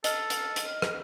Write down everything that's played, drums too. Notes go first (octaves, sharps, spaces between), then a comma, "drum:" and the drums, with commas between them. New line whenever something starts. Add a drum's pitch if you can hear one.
A4 D#5 F6, drum: hi-hat
drum: hi-hat
drum: hi-hat
drum: rim click